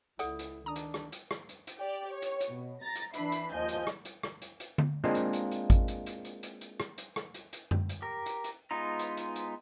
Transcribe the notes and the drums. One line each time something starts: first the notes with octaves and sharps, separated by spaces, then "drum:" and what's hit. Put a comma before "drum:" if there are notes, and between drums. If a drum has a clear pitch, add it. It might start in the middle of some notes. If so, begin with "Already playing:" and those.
C#2 E4 A4 D5 F#5, drum: hi-hat
drum: hi-hat
D#3 D4 A#5 D#6
drum: hi-hat
drum: rim click
drum: hi-hat
drum: rim click
drum: hi-hat
drum: hi-hat
G4 D5
C#5
drum: hi-hat
drum: hi-hat
B2
A#5 A6 A#6
drum: hi-hat
E3 D4 E5 B5 C7, drum: hi-hat
drum: hi-hat
D#2 F3 D#5 G#5 G6
drum: hi-hat
drum: rim click
drum: hi-hat
drum: rim click
drum: hi-hat
drum: hi-hat
drum: tom D3
G#3 A#3 C4 D4 F4 D#5
drum: hi-hat
drum: hi-hat
drum: hi-hat
drum: kick G#1, hi-hat
drum: hi-hat
drum: hi-hat
drum: hi-hat
drum: hi-hat
drum: hi-hat
drum: rim click
drum: hi-hat
drum: rim click
drum: hi-hat
drum: hi-hat
drum: tom F#2
drum: hi-hat
G4 A#4
drum: hi-hat
drum: hi-hat
G#3 B3 D#4 F4 A#5
drum: hi-hat
drum: hi-hat
drum: hi-hat